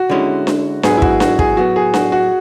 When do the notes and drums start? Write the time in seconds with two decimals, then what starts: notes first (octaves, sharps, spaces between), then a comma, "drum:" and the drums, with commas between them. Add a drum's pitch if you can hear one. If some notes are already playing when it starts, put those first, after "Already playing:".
Already playing: F#4
0.10 D3 G#3 C#4 E4
0.47 drum: snare D4
0.83 G#2 F#3 B3 G#4, drum: snare D4
0.97 E4
1.02 F#4, drum: kick
1.20 F#4, drum: snare D4
1.39 G#4, drum: kick
1.57 A2 F#3 B3 F#4
1.76 G#4
1.94 F#4, drum: snare D4
2.12 F#4